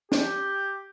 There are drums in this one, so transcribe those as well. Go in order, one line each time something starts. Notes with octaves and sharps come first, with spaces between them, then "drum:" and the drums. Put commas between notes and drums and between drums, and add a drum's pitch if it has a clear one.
G4, drum: snare